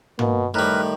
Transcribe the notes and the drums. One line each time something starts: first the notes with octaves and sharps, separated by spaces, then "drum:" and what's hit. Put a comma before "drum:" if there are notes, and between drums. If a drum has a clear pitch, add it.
B2 A#3, drum: tom
A2 D#3 G3 A3 A#4 B4